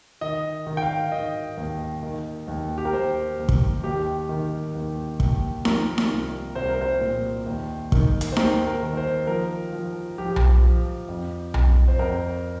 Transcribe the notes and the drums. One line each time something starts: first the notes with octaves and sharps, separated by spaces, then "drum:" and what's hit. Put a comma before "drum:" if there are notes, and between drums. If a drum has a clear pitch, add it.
D#3 D#5
D#3
G5
F5
D#3 D#5
D#2
D#3
D#2
G4
A#4
D#2 C5
D#2
drum: kick
D#2 G4
D#3
D#2
D#2, drum: kick
F3 A#4, drum: snare D#4
drum: snare D#4
C2
C2 C5
A#4
C5
A#2
D#2
D#3, drum: kick
drum: hi-hat
C5
D#2 A#4, drum: snare D#4
A#4
D#3
C5
F3 A#4
F3
F3 G4
drum: tom B1
F3
F2
F2, drum: tom B1
C5
F2 A#4